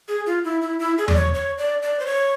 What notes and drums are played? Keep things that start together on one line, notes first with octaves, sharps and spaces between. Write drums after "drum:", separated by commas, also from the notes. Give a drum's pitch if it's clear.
G#4
F4
E4
E4
E4
G#4
D5, drum: tom E2
C#5
C#5
D5
D5
C5
C#5